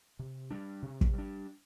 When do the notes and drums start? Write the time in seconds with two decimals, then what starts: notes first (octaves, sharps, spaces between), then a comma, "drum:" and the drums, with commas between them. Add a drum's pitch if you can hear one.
0.19 C3
0.51 G3 D4
0.82 C3
1.01 drum: kick
1.14 G3 D4